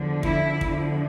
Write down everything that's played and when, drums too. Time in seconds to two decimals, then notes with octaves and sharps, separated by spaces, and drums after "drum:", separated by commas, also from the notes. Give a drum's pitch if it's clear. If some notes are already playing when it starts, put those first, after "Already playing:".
Already playing: E2 D3 F3
0.23 E4, drum: kick
0.61 E2 D3 F3, drum: kick